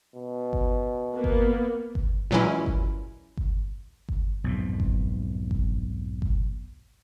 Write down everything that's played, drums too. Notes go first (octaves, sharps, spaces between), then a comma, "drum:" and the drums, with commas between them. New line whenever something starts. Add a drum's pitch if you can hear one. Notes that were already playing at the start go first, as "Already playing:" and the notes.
B2
drum: kick G1
A#3 B3
drum: kick G1
drum: kick G1
A#2 E3 F#3 G#3 C#4 E4
drum: kick G1
drum: kick G1
drum: kick G1
B1 F2 G#2
drum: kick G1
drum: kick G1
drum: kick G1